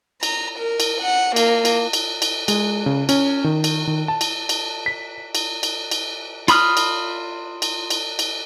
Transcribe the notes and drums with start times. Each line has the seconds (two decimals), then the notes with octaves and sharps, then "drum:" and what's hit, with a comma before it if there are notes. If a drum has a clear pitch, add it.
0.23 A#5, drum: cymbal
0.58 A#4
0.80 drum: cymbal
1.01 F#5
1.36 A#3, drum: cymbal
1.65 drum: cymbal
1.93 drum: cymbal
2.22 drum: cymbal
2.48 G#3, drum: cymbal
2.86 C#3
3.09 C#4, drum: cymbal
3.44 D#3
3.64 drum: cymbal
3.87 D#3
4.08 A5
4.21 drum: cymbal
4.49 drum: cymbal
4.86 B6
5.35 drum: cymbal
5.63 drum: cymbal
5.91 drum: cymbal
6.48 F4 B5 D#6 F6, drum: cymbal
6.77 drum: cymbal
7.62 drum: cymbal
7.90 drum: cymbal
8.19 drum: cymbal